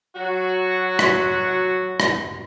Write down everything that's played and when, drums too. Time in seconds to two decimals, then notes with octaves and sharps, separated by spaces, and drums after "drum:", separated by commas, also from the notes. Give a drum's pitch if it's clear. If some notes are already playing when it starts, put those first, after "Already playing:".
0.15 F#3 F#4
0.99 drum: rim click
2.00 drum: rim click